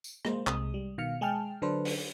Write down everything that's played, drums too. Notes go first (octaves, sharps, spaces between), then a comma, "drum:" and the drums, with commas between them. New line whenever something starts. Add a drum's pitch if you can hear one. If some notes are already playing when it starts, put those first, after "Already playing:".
drum: tambourine
G#3 A#3 C5, drum: rim click
C2 C3 G#3 D#6, drum: clap
G3
B2 D#3 F5 F6 C#7
G#3 G#4 G5 A5 F6
D3 F#3 D4 A4 B4 C5
drum: open hi-hat